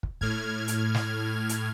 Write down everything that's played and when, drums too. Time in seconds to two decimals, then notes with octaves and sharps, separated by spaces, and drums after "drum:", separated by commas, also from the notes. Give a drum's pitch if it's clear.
0.03 drum: kick
0.21 A2 F6 G#6, drum: kick
0.68 drum: hi-hat
0.94 drum: snare
1.49 drum: hi-hat